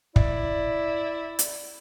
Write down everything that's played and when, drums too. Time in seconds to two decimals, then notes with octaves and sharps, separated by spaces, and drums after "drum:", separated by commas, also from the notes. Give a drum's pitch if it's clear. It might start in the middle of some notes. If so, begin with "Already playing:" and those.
0.16 E4 D5, drum: kick
1.39 drum: hi-hat